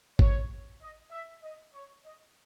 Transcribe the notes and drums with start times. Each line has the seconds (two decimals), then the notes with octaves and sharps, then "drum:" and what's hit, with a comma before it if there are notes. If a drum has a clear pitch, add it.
0.19 C#5, drum: kick G#1
0.81 D#5
1.11 E5
1.42 D#5
1.74 C#5
2.05 D#5